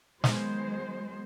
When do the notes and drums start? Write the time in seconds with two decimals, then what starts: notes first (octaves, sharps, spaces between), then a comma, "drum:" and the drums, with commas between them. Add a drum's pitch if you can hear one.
0.24 D#3 F#3 G#3 B3 C5, drum: snare